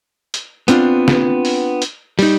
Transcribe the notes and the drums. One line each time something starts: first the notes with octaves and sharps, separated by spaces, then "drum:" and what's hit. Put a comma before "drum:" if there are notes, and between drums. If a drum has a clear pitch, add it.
drum: hi-hat
B3 C4 D4 F4, drum: hi-hat
drum: snare
drum: open hi-hat
drum: hi-hat
G3 D#4, drum: open hi-hat